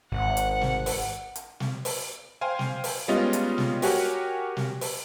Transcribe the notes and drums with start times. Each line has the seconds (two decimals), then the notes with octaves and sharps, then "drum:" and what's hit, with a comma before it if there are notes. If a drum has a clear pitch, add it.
0.12 G#1 F#5
0.37 drum: hi-hat
0.61 drum: snare
0.86 drum: open hi-hat
1.36 drum: hi-hat
1.60 drum: snare
1.85 drum: open hi-hat
2.41 C5 F5 G5 G#5
2.59 drum: snare
2.84 drum: open hi-hat
3.08 G3 G#3 B3 C#4 F4 D#5
3.33 drum: hi-hat
3.58 drum: snare
3.82 F#4 G4 A#4 C#5 F#5 G#5, drum: open hi-hat
4.57 drum: snare
4.81 drum: open hi-hat